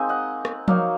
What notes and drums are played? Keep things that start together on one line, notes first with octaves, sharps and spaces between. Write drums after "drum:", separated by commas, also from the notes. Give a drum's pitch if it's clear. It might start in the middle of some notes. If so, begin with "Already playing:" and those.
Already playing: G#3 A#3 C4 D#4 G#5
D#5 F#5
drum: rim click
F#3 A#3 D#4 C#5 F5, drum: tom F3